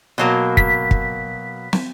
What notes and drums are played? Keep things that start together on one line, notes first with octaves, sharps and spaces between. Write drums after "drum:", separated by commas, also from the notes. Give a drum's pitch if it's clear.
B2 F#3 A#3
B6, drum: kick
drum: kick
drum: snare